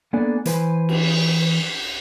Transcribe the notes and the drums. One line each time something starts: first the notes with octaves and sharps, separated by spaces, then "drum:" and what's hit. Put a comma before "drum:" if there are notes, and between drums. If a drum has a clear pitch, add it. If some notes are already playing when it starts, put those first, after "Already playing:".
A#3 B3 D4 A4 D5 G#5
E3 E4 B4 C5 G5 G#5, drum: hi-hat
drum: cymbal